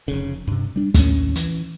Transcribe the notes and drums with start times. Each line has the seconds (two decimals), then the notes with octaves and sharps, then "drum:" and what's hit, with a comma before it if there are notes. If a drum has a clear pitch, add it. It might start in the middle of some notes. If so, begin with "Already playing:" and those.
0.08 F1 C#3
0.47 G2 C3
0.76 G3 D4
0.94 D#2 A2 D#3 C#4, drum: kick, hi-hat
1.36 E3, drum: hi-hat